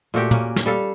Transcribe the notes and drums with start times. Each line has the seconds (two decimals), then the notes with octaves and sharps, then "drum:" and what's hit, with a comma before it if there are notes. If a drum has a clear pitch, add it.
0.14 A#2 A3 F#4 G4
0.31 A#3 C#4, drum: tom
0.56 drum: snare
0.66 G3 A4 F5